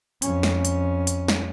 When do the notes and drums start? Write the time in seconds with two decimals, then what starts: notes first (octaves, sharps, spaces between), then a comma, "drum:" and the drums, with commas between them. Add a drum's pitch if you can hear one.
0.22 F2 C#4, drum: hi-hat
0.43 drum: snare
0.65 drum: hi-hat
1.07 drum: hi-hat
1.28 drum: snare